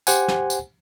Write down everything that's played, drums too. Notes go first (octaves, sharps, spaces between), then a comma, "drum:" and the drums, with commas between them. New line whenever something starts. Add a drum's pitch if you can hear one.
G4 C5 F#5 G#5, drum: tambourine
drum: snare
drum: tambourine